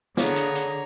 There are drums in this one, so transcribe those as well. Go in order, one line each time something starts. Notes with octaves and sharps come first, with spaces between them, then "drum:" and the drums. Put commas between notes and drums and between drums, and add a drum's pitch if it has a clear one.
D3 A#3 B3 G#4 C#5 A#5, drum: snare
drum: hi-hat
drum: hi-hat